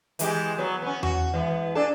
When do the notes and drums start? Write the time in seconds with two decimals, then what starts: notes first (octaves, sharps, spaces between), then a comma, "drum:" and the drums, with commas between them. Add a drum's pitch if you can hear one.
0.19 E3 G#3 G4, drum: hi-hat
0.58 F#3 B3
0.82 B3 C#4
1.03 F#4, drum: tom E2
1.34 E3 G#3 B3
1.75 D4 G#4 A4